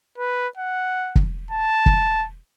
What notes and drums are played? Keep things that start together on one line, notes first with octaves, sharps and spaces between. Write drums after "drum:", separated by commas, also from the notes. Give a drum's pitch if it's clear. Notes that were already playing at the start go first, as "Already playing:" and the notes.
B4
F#5
drum: kick
A5
drum: kick